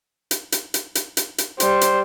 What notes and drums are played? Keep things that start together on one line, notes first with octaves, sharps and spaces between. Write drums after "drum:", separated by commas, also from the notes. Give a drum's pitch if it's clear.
drum: hi-hat
drum: hi-hat
drum: hi-hat
drum: hi-hat
drum: hi-hat
drum: hi-hat
G3 C5, drum: hi-hat
drum: hi-hat